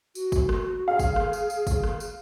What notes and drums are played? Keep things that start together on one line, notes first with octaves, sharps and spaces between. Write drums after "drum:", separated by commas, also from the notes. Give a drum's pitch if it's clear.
F#4, drum: tambourine
drum: kick, tambourine
drum: rim click
G#4 F5
drum: kick, tambourine
drum: rim click
drum: tambourine
drum: tambourine
drum: kick, tambourine
drum: rim click
drum: tambourine